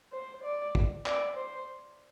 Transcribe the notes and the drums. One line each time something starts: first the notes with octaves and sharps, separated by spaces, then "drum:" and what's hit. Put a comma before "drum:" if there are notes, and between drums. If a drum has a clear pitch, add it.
C5
D5
drum: kick
D5, drum: clap
C5